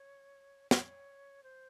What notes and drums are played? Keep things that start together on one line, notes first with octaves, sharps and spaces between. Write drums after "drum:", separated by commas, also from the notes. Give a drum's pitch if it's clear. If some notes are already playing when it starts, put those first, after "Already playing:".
Already playing: C#5
C#5, drum: snare
C5